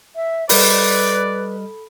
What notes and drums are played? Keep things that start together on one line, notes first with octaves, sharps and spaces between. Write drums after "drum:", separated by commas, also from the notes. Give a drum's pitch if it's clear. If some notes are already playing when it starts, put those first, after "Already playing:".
E5
G3 A4 B4 D5 D#5 B5 F6, drum: open hi-hat